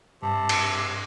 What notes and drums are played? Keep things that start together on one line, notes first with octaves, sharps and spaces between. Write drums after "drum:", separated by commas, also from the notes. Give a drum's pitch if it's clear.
G2 C3 A5
drum: cymbal